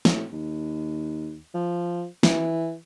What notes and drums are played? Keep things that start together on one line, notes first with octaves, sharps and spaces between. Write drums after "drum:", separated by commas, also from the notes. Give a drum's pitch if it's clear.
A2, drum: snare
D#2
F3
E3, drum: snare